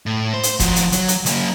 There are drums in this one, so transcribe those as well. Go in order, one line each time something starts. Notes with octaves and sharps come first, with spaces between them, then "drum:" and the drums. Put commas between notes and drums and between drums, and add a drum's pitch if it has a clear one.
A2
C5
drum: hi-hat
F3 F#4, drum: kick F1, hi-hat
drum: hi-hat
F#3, drum: hi-hat
drum: hi-hat
F#3 A#3, drum: hi-hat